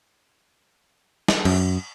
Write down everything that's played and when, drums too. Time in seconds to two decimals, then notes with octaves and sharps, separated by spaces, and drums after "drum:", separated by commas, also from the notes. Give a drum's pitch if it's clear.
1.28 drum: snare
1.45 F#2, drum: cymbal